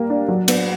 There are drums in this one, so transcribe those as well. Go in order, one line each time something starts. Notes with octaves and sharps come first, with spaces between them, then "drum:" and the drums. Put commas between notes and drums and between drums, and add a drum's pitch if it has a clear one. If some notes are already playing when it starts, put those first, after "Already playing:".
Already playing: G3 A#3
D4
F#3
B3, drum: cymbal